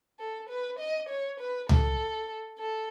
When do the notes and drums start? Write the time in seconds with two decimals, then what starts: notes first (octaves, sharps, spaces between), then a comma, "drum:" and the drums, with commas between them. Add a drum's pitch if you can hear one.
0.19 A4
0.49 B4
0.79 D#5
1.09 C#5
1.40 B4
1.69 A4, drum: tom C#2
2.59 A4